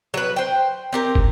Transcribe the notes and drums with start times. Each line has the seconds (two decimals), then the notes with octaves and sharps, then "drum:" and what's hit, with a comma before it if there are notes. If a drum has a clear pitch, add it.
0.14 F#3 B4
0.36 C5 G5
0.93 C4 G4 A#4
1.15 drum: kick